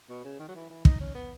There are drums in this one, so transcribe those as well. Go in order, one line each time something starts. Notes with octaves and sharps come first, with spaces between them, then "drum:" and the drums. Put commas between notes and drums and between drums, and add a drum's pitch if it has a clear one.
B2
C#3
D#3
F#3
E3
E3
D#4, drum: kick
C#4
B3